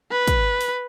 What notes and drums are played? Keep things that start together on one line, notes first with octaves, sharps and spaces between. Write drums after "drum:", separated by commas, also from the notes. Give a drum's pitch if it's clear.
B4
drum: kick, hi-hat
drum: open hi-hat